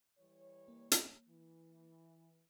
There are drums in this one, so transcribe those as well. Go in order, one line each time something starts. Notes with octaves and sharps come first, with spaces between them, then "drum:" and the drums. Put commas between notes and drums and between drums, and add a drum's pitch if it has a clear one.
E3 G3 C#5
A#3
drum: hi-hat
E3